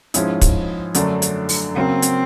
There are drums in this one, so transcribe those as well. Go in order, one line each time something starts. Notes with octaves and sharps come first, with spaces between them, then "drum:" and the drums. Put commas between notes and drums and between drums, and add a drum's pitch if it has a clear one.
G#2 F3 G#3 C#4 E4, drum: hi-hat
drum: kick, hi-hat
F#2 D3 F#3 A3 D4, drum: hi-hat
drum: hi-hat
drum: open hi-hat
C#3 F#3 A#3 C4
drum: hi-hat